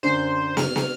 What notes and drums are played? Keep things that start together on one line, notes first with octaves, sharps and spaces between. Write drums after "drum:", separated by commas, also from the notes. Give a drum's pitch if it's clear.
F#2 D3 C5
F6, drum: snare
drum: snare